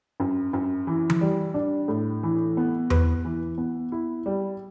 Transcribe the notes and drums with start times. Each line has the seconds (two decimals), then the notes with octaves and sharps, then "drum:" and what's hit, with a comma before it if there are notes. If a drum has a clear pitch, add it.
0.20 F#2
0.53 F#2
0.87 E3
1.10 drum: tom E3
1.21 G3
1.54 D4
1.88 A2
2.23 E3
2.57 B3
2.90 B4, drum: tom E2
3.25 E3
3.58 B3
3.92 E4
4.26 G3